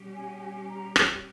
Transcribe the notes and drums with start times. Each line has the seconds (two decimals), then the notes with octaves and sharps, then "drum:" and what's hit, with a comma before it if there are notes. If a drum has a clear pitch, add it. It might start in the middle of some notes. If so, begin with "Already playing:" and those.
Already playing: B2 G3 C#4 G4
0.13 G#5
0.41 G#5
0.68 A#5
0.96 drum: rim click